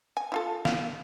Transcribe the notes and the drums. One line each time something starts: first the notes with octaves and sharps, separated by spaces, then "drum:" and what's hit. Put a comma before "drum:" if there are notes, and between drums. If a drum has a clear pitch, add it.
G#5
E4 F4 A4
F5, drum: snare